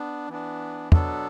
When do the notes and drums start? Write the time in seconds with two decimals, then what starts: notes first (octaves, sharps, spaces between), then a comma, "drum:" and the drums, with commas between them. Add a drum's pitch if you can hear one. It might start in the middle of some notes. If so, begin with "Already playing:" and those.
Already playing: B3 D4
0.29 E3 B3 D4
0.92 B2 F#3 B3 D4 A4, drum: tom